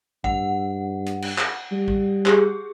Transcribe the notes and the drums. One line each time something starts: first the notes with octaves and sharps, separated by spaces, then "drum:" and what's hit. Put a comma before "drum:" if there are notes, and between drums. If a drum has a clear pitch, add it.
G2 F#5, drum: kick
drum: hi-hat
drum: cymbal
drum: clap
G3
drum: kick
G4 G#4, drum: clap